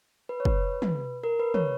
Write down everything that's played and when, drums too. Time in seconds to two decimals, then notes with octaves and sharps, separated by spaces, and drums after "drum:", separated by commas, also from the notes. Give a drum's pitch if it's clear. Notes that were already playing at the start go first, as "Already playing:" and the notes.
0.29 B4
0.40 C#5
0.45 B4, drum: kick
0.82 drum: tom
1.24 A#4
1.40 B4
1.54 C#5, drum: tom